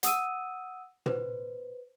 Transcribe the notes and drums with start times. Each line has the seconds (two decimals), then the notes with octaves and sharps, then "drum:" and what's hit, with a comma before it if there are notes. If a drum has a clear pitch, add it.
0.03 F#5 D#6 E6 D#7, drum: hi-hat
1.06 B4 C5, drum: tom